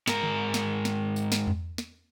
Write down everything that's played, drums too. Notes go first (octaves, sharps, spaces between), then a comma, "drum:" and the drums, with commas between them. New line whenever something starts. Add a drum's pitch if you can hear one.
G#2 A#4, drum: snare
drum: tom D3
drum: snare
drum: snare
drum: tambourine
drum: snare
drum: tom E2
drum: snare